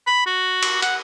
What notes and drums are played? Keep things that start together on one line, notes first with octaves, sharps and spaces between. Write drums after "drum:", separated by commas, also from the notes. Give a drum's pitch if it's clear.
B5
F#4
drum: cymbal
F#5, drum: hi-hat